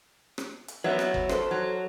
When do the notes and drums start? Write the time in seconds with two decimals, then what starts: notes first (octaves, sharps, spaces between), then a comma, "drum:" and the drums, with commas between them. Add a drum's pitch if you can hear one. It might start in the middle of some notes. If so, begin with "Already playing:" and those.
0.38 drum: rim click
0.68 drum: hi-hat
0.84 F#3 B3 B4 C#5 E5
0.99 drum: rim click
1.14 drum: kick
1.29 A4 C5, drum: rim click
1.51 F#3